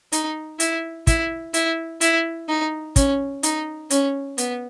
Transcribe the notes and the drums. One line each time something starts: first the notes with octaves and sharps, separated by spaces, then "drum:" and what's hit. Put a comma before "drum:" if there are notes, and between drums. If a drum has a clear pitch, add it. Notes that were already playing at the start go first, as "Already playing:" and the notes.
D#4, drum: hi-hat
E4, drum: hi-hat
E4, drum: kick, hi-hat
E4, drum: hi-hat
E4, drum: hi-hat
D#4
C#4, drum: kick, hi-hat
D#4, drum: hi-hat
C#4, drum: hi-hat
B3, drum: hi-hat